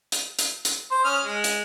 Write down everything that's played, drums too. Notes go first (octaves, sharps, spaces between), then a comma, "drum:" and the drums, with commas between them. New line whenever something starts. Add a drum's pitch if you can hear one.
drum: hi-hat
drum: hi-hat
drum: hi-hat
C5
C#4 D#6 F6
G#3
drum: hi-hat